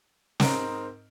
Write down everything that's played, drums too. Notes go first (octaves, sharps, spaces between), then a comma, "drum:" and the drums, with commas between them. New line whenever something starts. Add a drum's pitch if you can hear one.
G#2 C4 D#4 A#4 A#5 D7, drum: snare